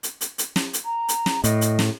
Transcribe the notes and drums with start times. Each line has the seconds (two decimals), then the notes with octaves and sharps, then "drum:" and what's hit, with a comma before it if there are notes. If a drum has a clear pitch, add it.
0.03 drum: hi-hat
0.21 drum: hi-hat
0.38 drum: hi-hat
0.56 drum: snare
0.73 drum: hi-hat
0.85 A#5
1.09 drum: hi-hat
1.26 drum: snare
1.44 A2 D#5, drum: hi-hat
1.61 drum: hi-hat
1.79 drum: snare